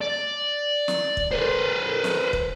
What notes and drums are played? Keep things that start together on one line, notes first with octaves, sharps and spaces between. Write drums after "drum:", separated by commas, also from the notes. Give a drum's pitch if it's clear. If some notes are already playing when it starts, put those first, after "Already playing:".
D5
drum: snare
drum: kick
B4 C5
drum: snare
drum: kick